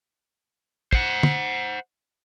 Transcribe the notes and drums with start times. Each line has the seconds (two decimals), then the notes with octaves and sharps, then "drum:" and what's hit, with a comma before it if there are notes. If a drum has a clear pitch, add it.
0.93 C5 F#5, drum: kick
1.23 drum: tom